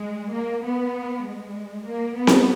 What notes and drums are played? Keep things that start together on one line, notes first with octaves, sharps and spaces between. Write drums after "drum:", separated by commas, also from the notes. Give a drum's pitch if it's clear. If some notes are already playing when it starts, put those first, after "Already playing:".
Already playing: G#3
A#3
B3
G#3
A#3
B3
drum: snare C4